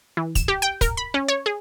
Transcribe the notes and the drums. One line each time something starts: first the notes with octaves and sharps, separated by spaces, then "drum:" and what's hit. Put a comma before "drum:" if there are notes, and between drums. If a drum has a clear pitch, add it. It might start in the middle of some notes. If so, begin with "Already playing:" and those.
E3
E7, drum: kick, hi-hat
G4
G5
A#4, drum: kick, hi-hat
B5
C#4
C#5
G#4